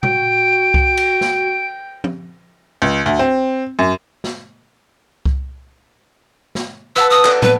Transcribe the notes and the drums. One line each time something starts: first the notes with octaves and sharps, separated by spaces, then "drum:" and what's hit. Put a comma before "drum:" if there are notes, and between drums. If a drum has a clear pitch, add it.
F#4 G5 D7, drum: tom A#2
drum: kick C2
drum: cymbal
drum: snare
drum: tom
C#2
D2
C4
F#2
drum: snare
drum: kick C2
drum: snare
B4 F#5 A5 E6
D#6 E6 A#6
A4 D5, drum: clap
B3 B4, drum: tom